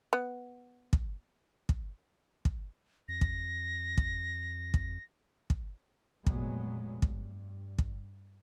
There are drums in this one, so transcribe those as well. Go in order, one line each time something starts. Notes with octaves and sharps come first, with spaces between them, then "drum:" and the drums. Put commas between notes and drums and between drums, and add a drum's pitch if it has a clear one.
B3
drum: kick
drum: kick
drum: kick
F2 A#6
drum: kick
drum: kick
drum: kick
drum: kick
F1 A#2 F#3 G#3 B3, drum: kick
G2, drum: kick
drum: kick